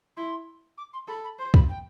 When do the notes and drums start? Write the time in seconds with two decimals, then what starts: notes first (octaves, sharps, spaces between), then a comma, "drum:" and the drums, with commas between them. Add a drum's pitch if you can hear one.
0.16 E4 C6
0.77 D6
0.93 C6
1.08 A4 B5
1.24 B5
1.39 C5 C6
1.54 B5, drum: kick
1.69 G5